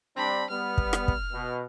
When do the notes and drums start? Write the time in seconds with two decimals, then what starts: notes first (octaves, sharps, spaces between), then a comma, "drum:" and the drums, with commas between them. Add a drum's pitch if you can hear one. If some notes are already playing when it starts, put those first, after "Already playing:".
0.17 G3 C4 D4 B5
0.50 G3 B3 F6
0.78 drum: kick
0.93 drum: rim click
1.08 drum: kick
1.32 B2